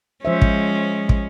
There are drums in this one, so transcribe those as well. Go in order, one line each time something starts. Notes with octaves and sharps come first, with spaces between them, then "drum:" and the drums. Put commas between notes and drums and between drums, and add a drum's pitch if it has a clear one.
F3 G#3 C#4 C5 E5
drum: kick
drum: kick